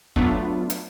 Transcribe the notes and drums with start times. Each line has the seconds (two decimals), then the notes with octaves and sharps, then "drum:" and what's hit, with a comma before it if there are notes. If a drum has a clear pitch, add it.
0.16 F#3 A3 B3 D4 F4, drum: kick
0.70 drum: hi-hat